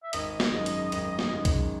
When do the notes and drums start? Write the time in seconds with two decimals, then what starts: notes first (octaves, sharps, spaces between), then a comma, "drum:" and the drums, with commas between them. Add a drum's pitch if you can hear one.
0.03 E5
0.13 G#1 D#5, drum: hi-hat
0.40 drum: snare
0.53 F#2 D#3 G#3
0.66 drum: hi-hat
0.92 G#1, drum: hi-hat
1.19 drum: snare
1.32 F#2 D#3 G#3
1.45 drum: kick B1, hi-hat